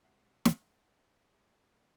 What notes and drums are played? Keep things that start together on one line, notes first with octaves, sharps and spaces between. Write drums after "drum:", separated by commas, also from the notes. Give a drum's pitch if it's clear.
C3 G#3 E5 F#5 C7
drum: snare